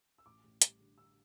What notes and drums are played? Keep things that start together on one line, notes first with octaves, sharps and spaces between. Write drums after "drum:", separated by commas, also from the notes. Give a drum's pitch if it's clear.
E6
A1 D6
A1
G3, drum: hi-hat
D3
D3 E6